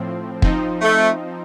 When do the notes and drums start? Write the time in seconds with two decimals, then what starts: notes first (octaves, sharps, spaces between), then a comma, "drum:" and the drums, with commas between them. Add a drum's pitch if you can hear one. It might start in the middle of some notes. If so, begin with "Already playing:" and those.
Already playing: A2 F3 C4
0.42 F3 C4 D#4, drum: kick
0.81 A3